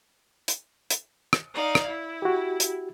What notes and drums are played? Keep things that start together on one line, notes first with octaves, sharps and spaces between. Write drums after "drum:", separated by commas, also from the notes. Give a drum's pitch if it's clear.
drum: hi-hat
drum: hi-hat
drum: rim click
D#4 D5 F5
drum: rim click
E4
F#4 G4
drum: hi-hat